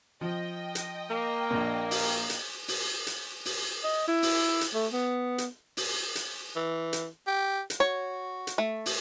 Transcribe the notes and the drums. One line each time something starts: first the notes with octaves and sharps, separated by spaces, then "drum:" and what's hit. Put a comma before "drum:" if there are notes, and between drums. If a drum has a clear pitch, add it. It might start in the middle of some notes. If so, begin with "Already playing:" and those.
F3 D#5 G5
drum: hi-hat
A#3
A#1 A#2
drum: open hi-hat
drum: hi-hat
drum: open hi-hat
drum: hi-hat
drum: open hi-hat
D#5
E4
drum: open hi-hat
drum: hi-hat
A3
B3
drum: hi-hat
drum: open hi-hat
drum: hi-hat
E3
drum: hi-hat
G4
drum: hi-hat
F#4 C#5
drum: hi-hat
A3
drum: open hi-hat